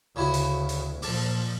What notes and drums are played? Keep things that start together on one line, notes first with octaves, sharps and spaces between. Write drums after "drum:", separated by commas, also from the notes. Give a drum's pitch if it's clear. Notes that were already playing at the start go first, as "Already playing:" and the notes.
D2 C#3 E4 F#4
drum: hi-hat
drum: hi-hat
A#2 F3 A5 D6, drum: open hi-hat